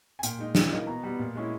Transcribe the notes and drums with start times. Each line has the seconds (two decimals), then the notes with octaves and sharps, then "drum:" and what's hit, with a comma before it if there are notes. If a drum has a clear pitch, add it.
0.19 G#5
0.23 A#2 G5, drum: hi-hat
0.39 G#3 D#4
0.55 E3, drum: snare
0.71 A#3 D#4
0.87 B2 A#5
1.03 G3 B3
1.19 A#2
1.35 G#3 C#4 E4